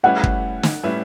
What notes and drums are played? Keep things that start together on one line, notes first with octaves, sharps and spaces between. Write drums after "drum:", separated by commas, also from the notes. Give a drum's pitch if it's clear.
A2 G3 C#4 E4 B4 F#5
drum: kick
drum: snare
A2 G3 C#4 E4 B4